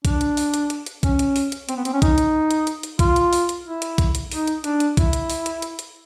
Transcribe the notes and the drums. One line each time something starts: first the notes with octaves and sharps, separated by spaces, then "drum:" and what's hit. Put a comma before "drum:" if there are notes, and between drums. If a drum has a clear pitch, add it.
D4, drum: kick B1, hi-hat
drum: hi-hat
drum: open hi-hat
drum: hi-hat
drum: hi-hat
drum: hi-hat
C#4, drum: kick B1, hi-hat
drum: hi-hat
drum: open hi-hat
drum: hi-hat
C4, drum: hi-hat
B3
C4, drum: hi-hat
C#4
D#4, drum: kick B1, hi-hat
drum: hi-hat
drum: hi-hat
drum: hi-hat
drum: hi-hat
F4, drum: kick B1, hi-hat
drum: hi-hat
drum: open hi-hat
drum: hi-hat
E4
drum: hi-hat
drum: kick B1, hi-hat
drum: hi-hat
D#4, drum: open hi-hat
drum: hi-hat
D4, drum: hi-hat
drum: hi-hat
E4, drum: kick B1, hi-hat
drum: hi-hat
drum: open hi-hat
drum: hi-hat
drum: hi-hat
drum: hi-hat